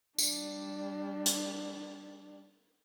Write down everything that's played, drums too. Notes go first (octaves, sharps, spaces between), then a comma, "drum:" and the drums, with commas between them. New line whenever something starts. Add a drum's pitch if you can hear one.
G3 D4, drum: tambourine
drum: hi-hat